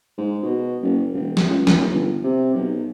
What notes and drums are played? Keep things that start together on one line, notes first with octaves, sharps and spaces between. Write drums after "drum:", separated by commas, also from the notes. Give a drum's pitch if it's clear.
G#2
B2
F#1
E1
drum: snare
C#2
drum: snare
D#1
G1
C3
B1